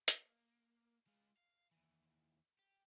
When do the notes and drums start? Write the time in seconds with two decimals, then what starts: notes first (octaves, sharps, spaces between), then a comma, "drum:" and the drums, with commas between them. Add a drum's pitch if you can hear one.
0.08 A#3, drum: hi-hat
1.08 G#3 F4
1.37 F5
1.71 D#2 E3
2.59 G4